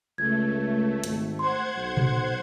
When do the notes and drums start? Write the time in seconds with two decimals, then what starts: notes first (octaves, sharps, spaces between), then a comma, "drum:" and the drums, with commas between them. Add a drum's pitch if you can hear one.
0.18 C#2 A3 G#6
1.04 G#1, drum: hi-hat
1.39 C5 F#5 C6 G#6
1.76 B1
1.97 drum: tom A#2